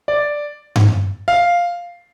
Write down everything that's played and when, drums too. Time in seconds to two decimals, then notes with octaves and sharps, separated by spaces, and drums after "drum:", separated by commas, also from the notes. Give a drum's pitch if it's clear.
0.08 D5
0.76 drum: tom G2
1.28 F5